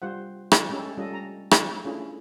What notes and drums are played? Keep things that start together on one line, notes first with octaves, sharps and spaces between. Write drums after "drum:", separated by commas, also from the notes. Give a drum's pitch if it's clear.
G3 F4 C5 F#5
drum: rim click
G#3 A3 C#4 G4 A4
G3 C#4 F4 A4 D#5
A#5
drum: rim click
A3 C#4 D4 E4 F4 G#4